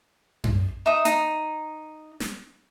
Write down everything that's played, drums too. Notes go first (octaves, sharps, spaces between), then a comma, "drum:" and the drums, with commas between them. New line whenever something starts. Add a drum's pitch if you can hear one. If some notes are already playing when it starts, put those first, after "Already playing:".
drum: tom F#2
D#4 E5 D#6
D#4, drum: hi-hat
drum: snare